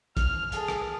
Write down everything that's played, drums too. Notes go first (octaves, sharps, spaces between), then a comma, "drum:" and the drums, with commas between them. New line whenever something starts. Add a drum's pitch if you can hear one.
F6, drum: kick, hi-hat
G#4 A4, drum: hi-hat
drum: rim click